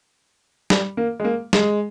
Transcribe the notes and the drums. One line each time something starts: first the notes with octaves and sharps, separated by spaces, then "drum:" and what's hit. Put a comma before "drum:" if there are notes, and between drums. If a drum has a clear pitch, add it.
G3, drum: snare
A#3
G#3
A#3
G#3, drum: snare